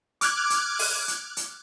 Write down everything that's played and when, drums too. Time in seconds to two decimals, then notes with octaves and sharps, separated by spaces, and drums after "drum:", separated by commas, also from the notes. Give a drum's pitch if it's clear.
0.21 D6 F6 F#6 G#6, drum: hi-hat
0.50 drum: hi-hat
0.79 drum: open hi-hat
1.08 drum: hi-hat
1.37 drum: hi-hat